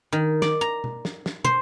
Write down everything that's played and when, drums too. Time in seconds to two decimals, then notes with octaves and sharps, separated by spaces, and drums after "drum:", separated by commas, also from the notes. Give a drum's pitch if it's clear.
0.12 D#3
0.42 D5, drum: snare
0.61 A#5
0.84 drum: tom B2
1.05 drum: snare
1.26 drum: snare
1.44 C5, drum: tom